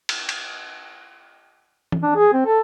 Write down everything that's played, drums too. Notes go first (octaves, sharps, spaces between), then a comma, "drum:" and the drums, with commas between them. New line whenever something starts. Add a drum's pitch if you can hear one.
drum: cymbal
drum: cymbal
drum: tom E3
D4
G#4
C4
A4